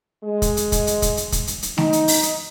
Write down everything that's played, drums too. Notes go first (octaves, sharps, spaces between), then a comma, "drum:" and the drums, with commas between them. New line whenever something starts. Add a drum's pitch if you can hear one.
G#3
drum: kick, hi-hat
drum: hi-hat
drum: kick, hi-hat
drum: hi-hat
drum: kick, hi-hat
drum: hi-hat
drum: kick, hi-hat
drum: hi-hat
drum: hi-hat
D#4, drum: snare A3
drum: hi-hat
drum: open hi-hat
drum: hi-hat